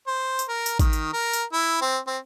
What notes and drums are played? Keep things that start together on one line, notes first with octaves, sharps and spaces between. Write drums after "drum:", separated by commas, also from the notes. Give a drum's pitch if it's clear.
C5
drum: tambourine
A#4
drum: tambourine
D#3, drum: kick, tambourine
drum: tambourine
A#4
drum: tambourine
E4
C4
C4